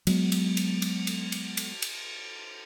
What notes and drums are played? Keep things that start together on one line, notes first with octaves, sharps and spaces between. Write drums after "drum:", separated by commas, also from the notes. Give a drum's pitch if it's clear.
F#3 G#3 B3, drum: cymbal
drum: cymbal
drum: cymbal
drum: cymbal
drum: cymbal
drum: cymbal
drum: cymbal
drum: cymbal